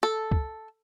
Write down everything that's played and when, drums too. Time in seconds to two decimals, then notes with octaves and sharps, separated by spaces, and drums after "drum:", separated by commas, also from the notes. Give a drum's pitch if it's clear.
0.03 A4
0.31 drum: kick C#2